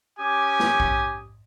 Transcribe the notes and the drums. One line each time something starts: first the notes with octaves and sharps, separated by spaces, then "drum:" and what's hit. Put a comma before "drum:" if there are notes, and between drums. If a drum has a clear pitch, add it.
C#4 G4 G#5 D6 D#6
drum: snare
drum: kick A#1